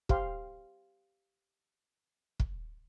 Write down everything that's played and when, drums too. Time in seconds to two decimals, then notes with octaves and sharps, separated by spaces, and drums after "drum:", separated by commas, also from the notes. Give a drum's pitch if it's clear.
0.09 G4 C5 F5 C6, drum: kick
2.40 drum: kick